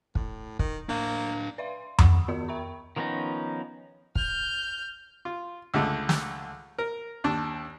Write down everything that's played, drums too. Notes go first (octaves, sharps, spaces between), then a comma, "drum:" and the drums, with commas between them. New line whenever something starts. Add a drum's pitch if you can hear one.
A2, drum: kick
D#3, drum: kick
A#3 D4 F5
B4 D5 E5 F5 C6
F#5 B5 C#6 D#6 E6, drum: tom F2
D#3 B3 F4 F#4 A#4 D#5
A#4 E5 G5 A#5 B5 C#6
D#3 F3 B3 C#4 D#4
F6 G6, drum: kick
F4
C#2 D3 G#3 A3
drum: snare
A#4
D#2 D4